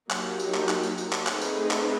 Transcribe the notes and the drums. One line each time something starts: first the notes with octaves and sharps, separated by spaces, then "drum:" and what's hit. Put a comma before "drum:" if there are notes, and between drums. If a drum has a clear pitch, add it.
F#3 A#3 D#4 G4, drum: clap
drum: tambourine
drum: clap
drum: clap
drum: tambourine
drum: tambourine
drum: clap
A3 C4 D#4 G#4 B4, drum: clap
drum: tambourine
drum: clap